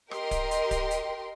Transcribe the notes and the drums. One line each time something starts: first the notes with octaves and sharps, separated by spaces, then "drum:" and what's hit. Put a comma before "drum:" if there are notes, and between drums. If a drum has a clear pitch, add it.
G4 A#4 D#5 G5 C6, drum: rim click
drum: kick D1, hi-hat
drum: hi-hat
drum: kick D1, hi-hat
drum: hi-hat